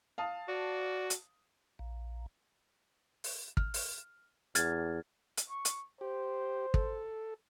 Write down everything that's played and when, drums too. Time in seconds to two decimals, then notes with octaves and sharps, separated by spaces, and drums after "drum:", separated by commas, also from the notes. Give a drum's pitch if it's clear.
0.18 F5 A5 D#6
0.48 F#4 D5
1.10 drum: hi-hat
1.79 A#1
3.24 drum: open hi-hat
3.57 F6, drum: kick
3.74 drum: open hi-hat
4.55 E2 F6 G#6 A6, drum: hi-hat
5.37 drum: hi-hat
5.50 C#6
5.65 drum: hi-hat
6.01 G4 C5
6.74 A4, drum: kick